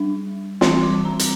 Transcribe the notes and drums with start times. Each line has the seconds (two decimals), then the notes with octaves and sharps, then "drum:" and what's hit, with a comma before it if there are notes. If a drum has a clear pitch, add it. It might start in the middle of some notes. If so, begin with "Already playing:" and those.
Already playing: G3 D4
0.61 E3 G3 C4 C6, drum: snare
0.83 D6
1.05 A#5
1.19 drum: hi-hat